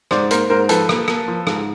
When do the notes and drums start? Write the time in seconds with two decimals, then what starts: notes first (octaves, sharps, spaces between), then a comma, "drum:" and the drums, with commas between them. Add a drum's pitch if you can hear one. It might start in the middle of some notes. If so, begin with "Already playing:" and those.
0.11 G#2 C5 D5, drum: rim click
0.31 A#3 A#4 C5, drum: hi-hat
0.50 G#2 A#4 C5
0.69 F3 A4 B4, drum: hi-hat
0.89 A#3, drum: rim click
1.08 A#3, drum: rim click
1.28 F3
1.47 G#2, drum: rim click